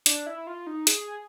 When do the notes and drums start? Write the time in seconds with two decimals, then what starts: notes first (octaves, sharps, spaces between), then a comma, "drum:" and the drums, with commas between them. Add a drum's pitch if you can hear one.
0.06 D4, drum: hi-hat
0.26 E4
0.47 F4
0.67 D#4
0.87 G#4, drum: hi-hat